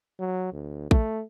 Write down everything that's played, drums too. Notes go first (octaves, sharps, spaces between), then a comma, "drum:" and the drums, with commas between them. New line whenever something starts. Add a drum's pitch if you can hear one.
F#3
D2
A3, drum: kick